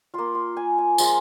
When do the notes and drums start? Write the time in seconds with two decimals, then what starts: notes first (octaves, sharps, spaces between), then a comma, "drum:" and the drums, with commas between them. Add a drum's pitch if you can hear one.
0.14 A#3 F4 C6
0.35 C6
0.57 G#5
0.78 G#5
0.98 F3 G#3 F4 A#5, drum: tambourine